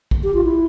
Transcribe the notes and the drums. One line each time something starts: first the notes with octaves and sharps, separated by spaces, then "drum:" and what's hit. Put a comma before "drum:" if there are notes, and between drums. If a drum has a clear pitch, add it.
drum: kick
G4
F4
E4